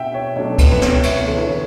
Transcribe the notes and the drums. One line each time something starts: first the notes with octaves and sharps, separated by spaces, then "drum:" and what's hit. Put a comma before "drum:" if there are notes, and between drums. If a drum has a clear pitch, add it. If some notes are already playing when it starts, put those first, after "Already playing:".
Already playing: B2 D4 E5 F#5 G5
C#5
B2 F#3 A3 D4 C#5
B4, drum: kick C#2, cymbal
B4
C#5, drum: snare
C#5 E5, drum: cymbal
E2 D3 A3 E4 C#5
B4
C#5